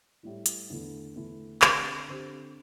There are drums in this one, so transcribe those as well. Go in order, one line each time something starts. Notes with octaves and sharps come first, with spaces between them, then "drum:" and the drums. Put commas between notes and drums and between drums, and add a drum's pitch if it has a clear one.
A2 G3 E4
drum: hi-hat
E2 D3 A3 E4
E2 D3 A3 E4
D3 C4 G4, drum: clap
D3 C4 G4